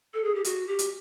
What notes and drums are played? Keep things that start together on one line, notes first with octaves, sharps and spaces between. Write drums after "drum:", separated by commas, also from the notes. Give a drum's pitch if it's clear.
A4
G#4
G4
F#4, drum: hi-hat
G4
drum: hi-hat